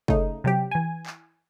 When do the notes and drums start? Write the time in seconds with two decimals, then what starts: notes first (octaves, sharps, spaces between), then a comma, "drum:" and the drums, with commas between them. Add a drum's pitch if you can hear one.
0.08 C#3 A3 D#4, drum: kick
0.44 C3 F#3 G4
0.71 E3 G#5
1.07 drum: clap